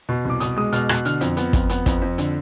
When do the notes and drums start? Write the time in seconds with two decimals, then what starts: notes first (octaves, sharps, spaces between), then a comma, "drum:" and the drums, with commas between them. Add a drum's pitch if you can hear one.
0.09 B2
0.25 C2 D6
0.40 B2 D#6, drum: hi-hat
0.56 G#3 D#6
0.72 B2 F6, drum: hi-hat
0.89 B2 F#6, drum: rim click
1.05 D3 F6, drum: hi-hat
1.21 F2, drum: hi-hat
1.37 B3, drum: hi-hat
1.53 F2, drum: kick, hi-hat
1.69 B3, drum: hi-hat
1.86 F2, drum: kick, hi-hat
2.02 F2
2.18 D3, drum: hi-hat